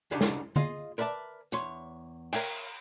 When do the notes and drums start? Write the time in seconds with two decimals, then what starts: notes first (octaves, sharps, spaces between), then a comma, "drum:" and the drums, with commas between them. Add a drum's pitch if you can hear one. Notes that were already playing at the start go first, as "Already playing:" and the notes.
0.11 C2 G2 C#3 D4 D#4 G4
0.21 drum: snare
0.56 F4 G#4 D#5 F5, drum: tom D3
0.98 A#4 B4 D5 E5 A5
1.52 E2 C#5 C6, drum: hi-hat
2.33 A#4 C#5 E5 G5, drum: cymbal